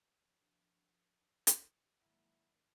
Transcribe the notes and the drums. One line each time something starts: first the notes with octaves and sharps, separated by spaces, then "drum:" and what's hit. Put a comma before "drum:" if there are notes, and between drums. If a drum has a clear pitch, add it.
F3 D4
drum: hi-hat
G#2 D#3 F#3 G#3 A#3 E4